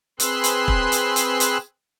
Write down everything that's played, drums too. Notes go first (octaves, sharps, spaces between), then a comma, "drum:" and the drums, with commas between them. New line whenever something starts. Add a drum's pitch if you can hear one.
C4 G#4 B4 C6 E6 F#6, drum: hi-hat
drum: hi-hat
drum: kick
drum: hi-hat
drum: hi-hat
drum: hi-hat